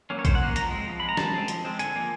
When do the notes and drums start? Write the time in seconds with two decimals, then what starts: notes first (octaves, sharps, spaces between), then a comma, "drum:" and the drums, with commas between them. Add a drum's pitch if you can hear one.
0.10 F#3 A#3 C#4
0.19 C#5
0.25 D#3 C5, drum: kick, hi-hat
0.35 F#5
0.40 F#3 A#3 C#4
0.56 F3 A#5, drum: hi-hat
0.71 G#3 C4
0.87 F3
1.00 G#3 C4 B5
1.09 A#5
1.17 F3 A5, drum: snare
1.33 G#3 C4
1.48 F3, drum: hi-hat
1.65 G#3 C4
1.79 D3 G#5, drum: hi-hat
1.96 F3 A#3